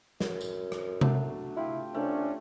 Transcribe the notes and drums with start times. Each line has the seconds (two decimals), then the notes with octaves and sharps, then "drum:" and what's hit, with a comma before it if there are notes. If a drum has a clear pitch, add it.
0.21 F#2, drum: snare
0.41 drum: tambourine
0.72 drum: rim click
1.01 F#3 A3 D4, drum: tom C3
1.57 E4 F4 G4
1.94 C2 A3 C#4 D4